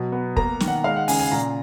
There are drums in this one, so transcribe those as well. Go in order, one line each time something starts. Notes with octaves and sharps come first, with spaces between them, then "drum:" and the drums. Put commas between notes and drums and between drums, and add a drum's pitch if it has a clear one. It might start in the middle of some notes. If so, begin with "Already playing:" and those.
Already playing: B2 F#3
B3
A#3 A#5, drum: kick
D#3, drum: snare
F#5
G#3 F5
F#5
C#3 G#5, drum: open hi-hat
G#5
A#2 A#5